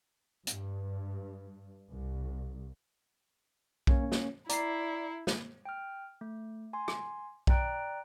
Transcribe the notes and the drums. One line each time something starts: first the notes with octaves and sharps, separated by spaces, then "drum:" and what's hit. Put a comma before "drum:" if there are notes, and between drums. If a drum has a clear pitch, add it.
G2, drum: hi-hat
C2
A#3 C#4 C#5, drum: kick B1
drum: snare
E4 D5 A#5 C7, drum: hi-hat
drum: snare
G5 F6
A3
G#5 C6
drum: rim click
D5 G5 A#5 F#6 D7, drum: kick B1